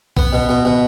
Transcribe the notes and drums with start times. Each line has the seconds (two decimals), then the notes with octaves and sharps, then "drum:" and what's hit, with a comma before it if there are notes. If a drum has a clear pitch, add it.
0.17 B3, drum: kick B1
0.33 B2
0.49 B2
0.65 B2